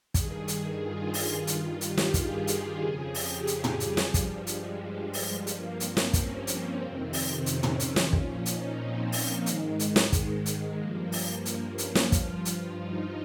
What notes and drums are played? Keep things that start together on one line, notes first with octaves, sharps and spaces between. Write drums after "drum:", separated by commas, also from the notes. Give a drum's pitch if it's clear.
G2 D#3 G#4, drum: kick, hi-hat
drum: hi-hat
F4
F4, drum: open hi-hat
G2 D#3, drum: hi-hat
G4, drum: hi-hat
drum: snare
G#4, drum: kick, hi-hat
drum: hi-hat
F2 C#3 F3
G4, drum: open hi-hat
drum: hi-hat
drum: tom
G3, drum: hi-hat
drum: snare
G2 F3, drum: kick, hi-hat
G#3, drum: hi-hat
G3
drum: open hi-hat
G2 F3 A#3, drum: hi-hat
C4, drum: hi-hat
drum: snare
C#4, drum: kick, hi-hat
C4, drum: hi-hat
F2 C3 D#3 C4
drum: open hi-hat
C#4, drum: hi-hat
drum: tom
drum: hi-hat
drum: snare
A#2 F3, drum: kick
D#4, drum: hi-hat
C4
A#3, drum: open hi-hat
G#2 D#3 G#3, drum: hi-hat
G#3, drum: hi-hat
drum: snare
G#3, drum: kick, hi-hat
drum: hi-hat
G2 F3 A#3
drum: open hi-hat
drum: hi-hat
C#4, drum: hi-hat
drum: snare
G2 F3 F4, drum: kick, hi-hat
drum: hi-hat
D#4